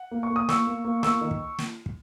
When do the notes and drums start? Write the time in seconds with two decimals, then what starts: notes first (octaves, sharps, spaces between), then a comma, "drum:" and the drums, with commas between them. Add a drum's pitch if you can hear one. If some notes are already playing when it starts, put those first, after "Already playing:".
Already playing: F#5
0.11 A#3
0.23 C#6
0.30 A#3
0.36 D#6
0.49 A#3 C#6 E6, drum: snare
0.67 A#3
0.85 A#3
1.03 A#3 C#6 E6, drum: snare
1.21 D#3
1.31 drum: kick
1.58 drum: snare
1.86 drum: kick